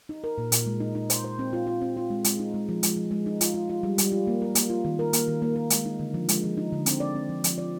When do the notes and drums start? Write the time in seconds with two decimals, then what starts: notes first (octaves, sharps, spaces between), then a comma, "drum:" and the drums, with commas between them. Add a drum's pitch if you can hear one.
0.09 D#4
0.24 A#4
0.38 A#2
0.52 A#2, drum: hi-hat
0.66 G#3
0.80 D#4
0.95 D#4
1.10 C5, drum: hi-hat
1.24 C5
1.39 C4
1.53 F4
1.67 F4
1.82 C4
1.97 F4
2.10 G#3
2.24 G#3, drum: hi-hat
2.39 D#4
2.54 G#3
2.69 F3
2.83 G#3, drum: hi-hat
2.96 F3
3.11 G#3
3.26 D#4
3.41 F4, drum: hi-hat
3.54 F4
3.69 F4
3.83 G3
3.98 G3, drum: hi-hat
4.12 F4
4.27 A#3
4.42 A#4
4.55 A#3, drum: hi-hat
4.70 F4
4.85 D#3
4.99 A#4
5.13 A#3, drum: hi-hat
5.28 D#3
5.42 A#3
5.56 A#4
5.70 G#3, drum: hi-hat
5.85 D#4
5.99 D3
6.14 F3
6.29 G#3, drum: hi-hat
6.44 F3
6.57 D#4
6.72 D3
6.86 C4, drum: hi-hat
7.00 D5
7.15 C4
7.29 F3
7.44 F3, drum: hi-hat
7.58 D5